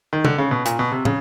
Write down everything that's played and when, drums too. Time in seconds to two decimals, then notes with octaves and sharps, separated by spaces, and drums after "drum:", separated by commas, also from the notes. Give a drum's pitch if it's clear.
0.13 D#3
0.25 D3, drum: tom
0.38 C#3
0.51 B2
0.65 A#2, drum: hi-hat
0.79 B2
0.92 C3
1.05 C#3, drum: tom